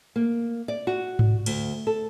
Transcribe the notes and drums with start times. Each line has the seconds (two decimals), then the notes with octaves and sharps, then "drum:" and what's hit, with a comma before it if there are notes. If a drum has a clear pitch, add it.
0.16 A#3
0.68 D5
0.87 F#4
1.19 drum: tom G#2
1.46 D2, drum: cymbal
1.87 A4